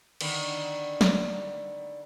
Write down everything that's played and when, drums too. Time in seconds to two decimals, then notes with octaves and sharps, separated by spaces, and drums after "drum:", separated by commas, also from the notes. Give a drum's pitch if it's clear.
0.21 D3 D#3 B3, drum: cymbal
1.01 drum: snare